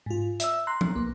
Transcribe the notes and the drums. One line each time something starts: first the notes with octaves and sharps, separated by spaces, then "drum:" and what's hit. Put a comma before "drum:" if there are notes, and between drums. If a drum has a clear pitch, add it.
G#2 F4
E5 E6, drum: hi-hat
A#5 C6 F#6
drum: tom F3
B1 A#3